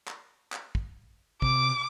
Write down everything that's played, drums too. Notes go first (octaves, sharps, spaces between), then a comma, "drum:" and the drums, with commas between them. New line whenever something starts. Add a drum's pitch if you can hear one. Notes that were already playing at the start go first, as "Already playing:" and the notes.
drum: clap
drum: clap
drum: kick
C3 D6, drum: kick